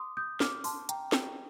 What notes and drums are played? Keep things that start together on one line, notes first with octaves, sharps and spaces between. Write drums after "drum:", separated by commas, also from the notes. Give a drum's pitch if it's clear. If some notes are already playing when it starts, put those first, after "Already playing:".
Already playing: C6 D6 D#6
D#6 G6
D6 F6, drum: snare
A5 C6, drum: open hi-hat
G5 A#5, drum: hi-hat
drum: snare